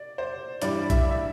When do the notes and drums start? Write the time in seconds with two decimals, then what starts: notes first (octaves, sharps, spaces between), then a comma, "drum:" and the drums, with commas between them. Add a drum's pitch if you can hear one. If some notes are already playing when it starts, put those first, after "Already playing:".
Already playing: D5
0.18 C5
0.62 G2 E3 G3 D5, drum: hi-hat
0.90 E5, drum: kick B1, hi-hat
1.11 E5